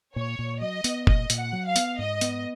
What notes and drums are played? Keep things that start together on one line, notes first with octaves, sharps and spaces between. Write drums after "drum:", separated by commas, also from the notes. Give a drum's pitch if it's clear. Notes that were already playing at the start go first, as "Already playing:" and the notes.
A#2 C#5
A#2
F#3 D#5
B3, drum: hi-hat
A#2 D#5, drum: kick F1
A#2, drum: hi-hat
F#5
F#3
F5
B3, drum: hi-hat
G#2 D#5
B3, drum: hi-hat